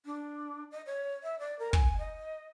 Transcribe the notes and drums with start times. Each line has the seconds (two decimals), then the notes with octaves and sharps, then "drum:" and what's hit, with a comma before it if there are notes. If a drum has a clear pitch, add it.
0.06 D4
0.71 D#5
0.86 C#5
1.23 E5
1.39 D5
1.59 A#4
1.73 G#5, drum: kick
1.98 D#5